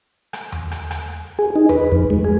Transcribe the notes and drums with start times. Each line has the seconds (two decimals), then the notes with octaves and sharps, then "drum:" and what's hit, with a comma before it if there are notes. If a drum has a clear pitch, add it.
0.33 drum: rim click
0.52 drum: tom E2
0.71 drum: rim click
0.91 drum: rim click
1.39 G#4
1.56 D#4
1.69 B4, drum: tom E2
1.92 F2
2.10 G#3
2.25 G#4